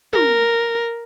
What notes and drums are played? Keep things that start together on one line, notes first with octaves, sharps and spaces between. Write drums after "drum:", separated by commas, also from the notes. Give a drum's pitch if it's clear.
A#4, drum: tom